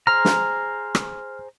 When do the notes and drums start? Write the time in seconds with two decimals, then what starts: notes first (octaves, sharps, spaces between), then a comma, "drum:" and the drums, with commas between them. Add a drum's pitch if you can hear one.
0.07 G#4 C5 A#5 F6
0.25 drum: snare
0.95 drum: rim click